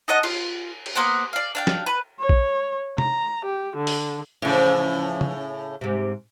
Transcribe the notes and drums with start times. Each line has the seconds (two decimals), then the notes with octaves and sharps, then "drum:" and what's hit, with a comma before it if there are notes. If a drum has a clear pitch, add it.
0.08 D#4 A4 D#5 F#5
0.23 F4, drum: cymbal
0.86 drum: cymbal
0.95 A#3 B3 C5 F#5
1.33 D5 F5
1.55 D4 F5 G5
1.67 drum: snare
1.86 B4
2.20 C#5
2.29 drum: kick A#1
2.98 A#5, drum: tom
3.45 G4
3.77 D3
3.87 drum: open hi-hat
4.42 A2 C#3 E3 F3
5.21 drum: tom
5.81 G#2 C3